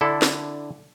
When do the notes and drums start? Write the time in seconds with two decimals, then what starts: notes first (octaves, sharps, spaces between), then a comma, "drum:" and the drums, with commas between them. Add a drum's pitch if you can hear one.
0.01 D3 D4 E4 A4
0.22 drum: snare